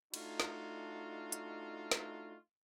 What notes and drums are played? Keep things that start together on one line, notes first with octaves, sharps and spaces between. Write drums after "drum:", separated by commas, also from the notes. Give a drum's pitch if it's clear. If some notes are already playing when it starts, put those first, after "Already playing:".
A3 D4 D#4 F4 F#4, drum: cymbal
drum: snare
drum: hi-hat
drum: snare